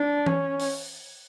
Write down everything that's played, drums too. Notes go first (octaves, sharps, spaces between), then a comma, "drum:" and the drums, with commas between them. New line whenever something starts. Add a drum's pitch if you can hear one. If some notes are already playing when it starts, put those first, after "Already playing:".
Already playing: D4
C#4, drum: tom E3
drum: open hi-hat